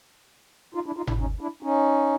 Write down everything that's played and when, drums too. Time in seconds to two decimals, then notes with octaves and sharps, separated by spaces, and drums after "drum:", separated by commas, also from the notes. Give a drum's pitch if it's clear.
0.75 D#4 F4
0.86 D4 E4
0.97 D#4 F4
1.07 D4 E4, drum: tom G1
1.19 C#4 D#4
1.40 D4 E4
1.63 C#4 D#4